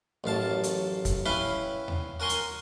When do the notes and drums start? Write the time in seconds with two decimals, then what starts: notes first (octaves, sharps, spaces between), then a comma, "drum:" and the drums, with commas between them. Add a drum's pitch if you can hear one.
0.24 A1 F#2 F5 A5
0.63 drum: hi-hat
1.05 drum: kick, hi-hat
1.26 C#4 E4 B4 F5 G5
1.88 drum: tom D#2
2.20 F#4 A#4 G#5 C6 C#6
2.29 drum: hi-hat